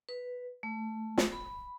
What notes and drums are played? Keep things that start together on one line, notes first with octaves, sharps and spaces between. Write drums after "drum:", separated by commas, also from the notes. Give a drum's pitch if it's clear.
B4
A3
drum: snare
B5